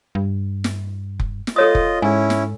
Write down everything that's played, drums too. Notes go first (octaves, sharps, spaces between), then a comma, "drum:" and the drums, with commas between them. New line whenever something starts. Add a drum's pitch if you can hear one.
G2
drum: snare
drum: kick F1
drum: snare
F4 A4 C#5 D#5 D#6
drum: kick F1
G#2 C#4 E4 G#5
drum: snare